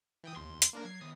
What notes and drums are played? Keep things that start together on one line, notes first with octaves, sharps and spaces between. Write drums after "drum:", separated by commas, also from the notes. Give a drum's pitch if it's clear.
E3 G5 D#6
D#2 C6
drum: hi-hat
A#3 D4 A#4
F#3 G#6 C7
D#3 B3 D#6